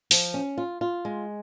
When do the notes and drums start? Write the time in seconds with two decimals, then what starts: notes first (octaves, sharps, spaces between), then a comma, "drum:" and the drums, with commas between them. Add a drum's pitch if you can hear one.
0.11 F3, drum: open hi-hat
0.34 C#4
0.58 F4
0.81 F4
1.05 G#3